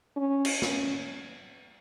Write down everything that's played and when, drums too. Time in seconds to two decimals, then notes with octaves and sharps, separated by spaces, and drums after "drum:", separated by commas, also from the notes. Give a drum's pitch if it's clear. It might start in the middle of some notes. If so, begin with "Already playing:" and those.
0.16 C#4
0.45 drum: cymbal
0.62 C#4, drum: snare